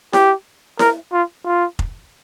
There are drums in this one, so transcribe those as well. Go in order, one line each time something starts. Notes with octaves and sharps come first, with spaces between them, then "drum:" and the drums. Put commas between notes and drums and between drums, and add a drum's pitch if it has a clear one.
G4, drum: snare E4
A#4, drum: snare E4
F4
F4
drum: kick F1